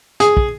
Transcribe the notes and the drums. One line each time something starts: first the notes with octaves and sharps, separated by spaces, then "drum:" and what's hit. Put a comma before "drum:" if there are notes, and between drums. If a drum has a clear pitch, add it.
G#4, drum: hi-hat
drum: kick